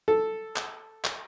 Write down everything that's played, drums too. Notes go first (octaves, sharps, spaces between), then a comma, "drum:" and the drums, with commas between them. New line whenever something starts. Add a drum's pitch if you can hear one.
A4
drum: clap
drum: clap